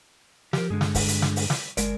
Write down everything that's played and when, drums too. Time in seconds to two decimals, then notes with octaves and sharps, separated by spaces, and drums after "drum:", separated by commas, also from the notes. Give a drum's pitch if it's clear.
0.53 F3 G4 A#4, drum: snare
0.70 G2 D3 G#3 G#4
0.81 drum: snare
0.95 drum: kick, open hi-hat
1.08 drum: hi-hat
1.22 drum: snare
1.36 drum: open hi-hat
1.50 drum: snare
1.77 G1 G#3 A#4 D5, drum: hi-hat